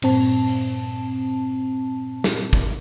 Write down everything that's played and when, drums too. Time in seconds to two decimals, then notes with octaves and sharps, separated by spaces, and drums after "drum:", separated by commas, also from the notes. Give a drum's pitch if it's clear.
0.02 G2 A#2 C4 A5, drum: cymbal
0.47 drum: open hi-hat
2.24 drum: snare
2.53 drum: kick